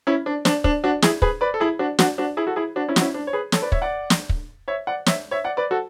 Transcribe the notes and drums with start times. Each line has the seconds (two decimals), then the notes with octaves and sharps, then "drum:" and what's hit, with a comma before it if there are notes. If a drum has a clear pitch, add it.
0.07 C#4 E4
0.26 D4
0.45 D4, drum: snare
0.64 D4, drum: kick
0.84 D4 F#4
1.02 E4 G#4, drum: snare
1.22 G#4 B4, drum: kick
1.41 B4 D5
1.54 A4
1.60 E4 G#4
1.79 D4 F#4
1.99 D4 F#4, drum: snare
2.18 D4 F#4
2.37 E4 G#4
2.47 F#4 A4
2.56 E4 G#4
2.76 D4 F#4
2.88 C#4 E4
2.96 F#4, drum: snare
3.01 C#4 E4
3.14 D4
3.27 C#5
3.33 G#4 B4
3.52 A4 C#5, drum: snare
3.62 B4 D5
3.72 C#5 E5, drum: kick
3.82 D5 F#5
4.10 drum: snare
4.29 drum: kick
4.68 C#5 E5
4.87 D5 F#5
5.06 C#5 E5, drum: snare
5.31 C#5 E5
5.44 D5 F#5
5.57 B4 D5
5.71 F#4 A4